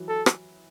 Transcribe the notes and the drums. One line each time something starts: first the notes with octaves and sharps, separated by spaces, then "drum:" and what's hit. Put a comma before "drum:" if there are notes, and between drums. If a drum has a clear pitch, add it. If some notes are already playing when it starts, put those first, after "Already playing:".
Already playing: E3 F#3
A4
drum: rim click